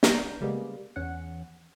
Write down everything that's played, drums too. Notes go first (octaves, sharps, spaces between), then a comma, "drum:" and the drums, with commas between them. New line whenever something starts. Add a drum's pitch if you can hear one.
B3 D4 A#5 G6, drum: snare
C#3 G3 G#3 A#3 B3
E2 C#4 F#5